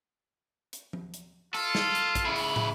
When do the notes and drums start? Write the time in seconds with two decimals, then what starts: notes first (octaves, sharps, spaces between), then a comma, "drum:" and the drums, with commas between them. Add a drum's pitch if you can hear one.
0.73 drum: hi-hat
0.93 drum: tom F3
1.14 drum: hi-hat
1.54 F4 A4, drum: open hi-hat
1.75 drum: snare
1.95 drum: hi-hat
2.15 drum: kick, hi-hat
2.25 C#3 E4
2.36 drum: open hi-hat
2.56 drum: tom